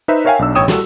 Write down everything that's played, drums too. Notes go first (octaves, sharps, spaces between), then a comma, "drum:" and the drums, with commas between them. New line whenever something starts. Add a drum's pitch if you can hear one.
D#4 B4 C5 E5
A#4 C#5 E5 F5 G5 G#5
B1 D4 E6
A1 C#5 G5 D#6 E7
G3 F#4 A4, drum: snare